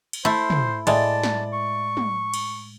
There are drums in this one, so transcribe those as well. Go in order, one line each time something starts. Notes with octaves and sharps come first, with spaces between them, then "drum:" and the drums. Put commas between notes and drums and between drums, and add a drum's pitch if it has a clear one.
drum: cymbal
A3 E4 C5
drum: tom
A2 G#3 D5 A5, drum: cymbal
drum: snare
C#6
drum: tom
drum: cymbal